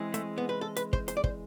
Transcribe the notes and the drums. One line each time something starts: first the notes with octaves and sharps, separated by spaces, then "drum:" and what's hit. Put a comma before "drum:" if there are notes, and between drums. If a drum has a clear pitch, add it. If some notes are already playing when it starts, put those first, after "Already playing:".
Already playing: E3 G#3 C4 G#4
A3, drum: hi-hat
B3
B4
A4
B4, drum: hi-hat
C5, drum: kick
C5, drum: hi-hat
D5
C5, drum: kick